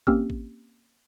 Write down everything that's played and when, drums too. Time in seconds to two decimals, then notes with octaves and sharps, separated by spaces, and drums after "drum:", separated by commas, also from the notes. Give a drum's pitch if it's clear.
0.07 A#3 C4 C#4 G4 E6 F6, drum: kick
0.30 drum: kick